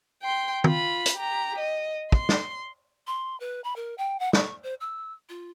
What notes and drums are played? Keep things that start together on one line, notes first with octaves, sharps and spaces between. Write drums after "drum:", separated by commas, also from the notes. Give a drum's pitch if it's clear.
G5 C6
F4 B5, drum: tom D#3
drum: hi-hat
G4 A#5
D#5
C6, drum: kick
drum: snare
C6
B4
B5
A#4
G5
F#5
C#6, drum: snare
C5
E6
F4